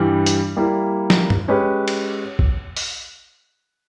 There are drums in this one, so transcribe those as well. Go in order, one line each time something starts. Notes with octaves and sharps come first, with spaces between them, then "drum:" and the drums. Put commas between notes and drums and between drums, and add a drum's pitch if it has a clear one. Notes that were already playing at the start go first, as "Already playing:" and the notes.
Already playing: G2 E3 G3
drum: hi-hat
G3 A#3 E4
drum: snare
drum: tom
G#3 C#4 G4 B4
drum: cymbal
drum: kick A#1
drum: open hi-hat